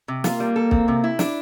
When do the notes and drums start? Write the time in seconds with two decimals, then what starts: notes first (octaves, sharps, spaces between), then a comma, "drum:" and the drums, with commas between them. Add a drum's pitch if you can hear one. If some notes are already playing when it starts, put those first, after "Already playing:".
0.08 C3
0.24 A#3 F4, drum: snare
0.40 G3
0.56 A4
0.71 C4, drum: kick B1
0.88 C3
1.04 E4
1.19 D4, drum: snare